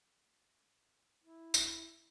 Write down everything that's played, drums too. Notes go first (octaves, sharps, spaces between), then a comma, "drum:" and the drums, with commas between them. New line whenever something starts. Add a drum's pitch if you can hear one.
E4
drum: tambourine